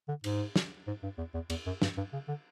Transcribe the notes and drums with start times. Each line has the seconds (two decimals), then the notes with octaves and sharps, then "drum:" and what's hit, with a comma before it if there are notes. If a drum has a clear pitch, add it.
0.08 D3
0.24 G#2, drum: cymbal
0.56 drum: snare
0.87 G#2
1.03 G2
1.18 E2
1.34 E2
1.50 E2, drum: cymbal
1.66 F#2
1.82 G2, drum: snare
1.97 G2
2.13 C#3
2.28 D3